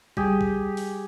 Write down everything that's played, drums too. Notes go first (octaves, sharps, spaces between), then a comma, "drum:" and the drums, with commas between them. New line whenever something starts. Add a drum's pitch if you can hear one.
G3 G4 G#4, drum: kick A1
drum: kick A1
drum: open hi-hat